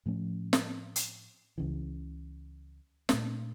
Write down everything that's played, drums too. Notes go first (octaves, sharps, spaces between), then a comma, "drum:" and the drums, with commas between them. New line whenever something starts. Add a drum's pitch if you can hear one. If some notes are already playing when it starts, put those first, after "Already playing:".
A2 F3 A3 C#4
drum: snare
drum: hi-hat
C#2 C#3 E3
A#2 A3 D4, drum: snare